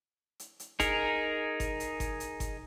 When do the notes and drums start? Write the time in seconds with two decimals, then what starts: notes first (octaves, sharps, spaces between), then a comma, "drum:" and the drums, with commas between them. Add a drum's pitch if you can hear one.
0.39 drum: hi-hat
0.60 drum: hi-hat
0.80 D#4 G#4 A#4, drum: kick G1, hi-hat
1.60 drum: kick G1, hi-hat
1.80 drum: hi-hat
2.00 drum: kick G1, hi-hat
2.20 drum: hi-hat
2.40 drum: kick G1, hi-hat